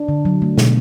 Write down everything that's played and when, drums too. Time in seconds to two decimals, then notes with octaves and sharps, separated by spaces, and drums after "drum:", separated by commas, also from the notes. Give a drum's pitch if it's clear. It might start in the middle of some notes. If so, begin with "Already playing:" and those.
Already playing: D4
0.09 D3
0.25 F#3
0.42 A3
0.58 B2, drum: snare